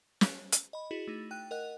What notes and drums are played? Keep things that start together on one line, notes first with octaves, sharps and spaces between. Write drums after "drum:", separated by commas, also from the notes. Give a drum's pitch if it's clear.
drum: snare
drum: hi-hat
D#5 B5
E4 F#4 G#4
A3 D#4
G5 F#6 D#7
A#4 D#5 F#5 F#6 F7